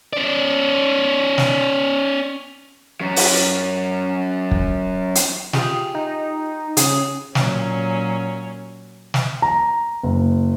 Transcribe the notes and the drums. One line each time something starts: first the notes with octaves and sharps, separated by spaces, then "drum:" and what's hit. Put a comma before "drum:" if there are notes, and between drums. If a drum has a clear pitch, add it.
C#4 D5
drum: snare
F#3 C#4
drum: open hi-hat
drum: kick
drum: hi-hat
F4 G4 G#4, drum: snare
D#4
C#3 G#4, drum: hi-hat
A#2 F#3 C#4, drum: snare
drum: snare
A#5
F#1